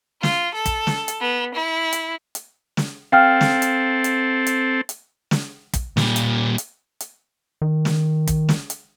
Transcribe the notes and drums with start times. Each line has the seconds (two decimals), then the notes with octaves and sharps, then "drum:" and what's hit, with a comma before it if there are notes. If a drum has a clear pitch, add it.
0.23 F4, drum: snare
0.55 A4
0.66 drum: kick, hi-hat
0.87 drum: snare
1.08 drum: hi-hat
1.23 B3
1.55 E4
1.93 drum: hi-hat
2.35 drum: hi-hat
2.77 drum: snare
3.12 C4 A4 F5 G5 F6
3.41 drum: snare
3.62 drum: hi-hat
4.04 drum: hi-hat
4.46 drum: hi-hat
4.89 drum: hi-hat
5.31 drum: snare
5.73 drum: kick, hi-hat
5.97 A#2 G3, drum: snare
6.16 drum: hi-hat
6.58 drum: hi-hat
7.00 drum: hi-hat
7.62 D#3
7.85 drum: snare
8.27 drum: kick, hi-hat
8.49 drum: snare
8.70 drum: hi-hat